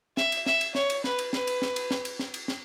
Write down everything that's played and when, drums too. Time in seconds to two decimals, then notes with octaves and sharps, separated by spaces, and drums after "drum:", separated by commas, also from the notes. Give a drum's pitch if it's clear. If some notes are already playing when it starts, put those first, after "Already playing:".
0.17 E5, drum: snare
0.32 drum: cymbal
0.46 E5, drum: snare
0.61 drum: cymbal
0.75 C#5, drum: snare
0.90 drum: cymbal
1.04 B4, drum: snare
1.19 drum: cymbal
1.33 B4, drum: snare
1.47 drum: cymbal
1.62 drum: snare
1.76 drum: cymbal
1.91 drum: snare
2.05 drum: cymbal
2.19 drum: snare
2.34 drum: cymbal
2.48 drum: snare